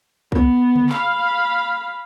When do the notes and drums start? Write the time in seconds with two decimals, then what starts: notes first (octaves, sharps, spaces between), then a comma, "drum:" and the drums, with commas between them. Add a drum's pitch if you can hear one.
0.32 B3, drum: kick
0.76 drum: tom C#3
0.89 F5 B5, drum: clap